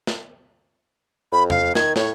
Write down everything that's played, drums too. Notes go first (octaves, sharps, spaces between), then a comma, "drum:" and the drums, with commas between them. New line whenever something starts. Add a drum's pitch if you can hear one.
drum: snare
F2 B5
F5, drum: tom E2
D#3 G#6, drum: snare
A2 C#5, drum: snare